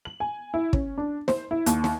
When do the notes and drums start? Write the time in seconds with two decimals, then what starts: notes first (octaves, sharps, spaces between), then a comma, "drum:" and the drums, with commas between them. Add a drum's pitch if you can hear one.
0.05 F#7
0.20 G#5
0.54 E4
0.73 C#4, drum: kick
0.98 D4
1.28 C5, drum: snare
1.51 E4
1.66 D#2, drum: hi-hat
1.84 drum: snare